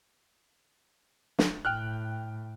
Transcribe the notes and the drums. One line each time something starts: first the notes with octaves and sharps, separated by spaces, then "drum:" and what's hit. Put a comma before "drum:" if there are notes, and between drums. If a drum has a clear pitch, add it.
drum: snare
A2 G5 F6 F#6